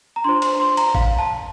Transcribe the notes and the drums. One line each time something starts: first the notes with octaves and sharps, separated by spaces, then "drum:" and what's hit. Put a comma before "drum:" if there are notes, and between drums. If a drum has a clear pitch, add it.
A#5
D4 F4 C5 C6
C6, drum: cymbal
C6
A#5, drum: cymbal
F5, drum: kick A1
A5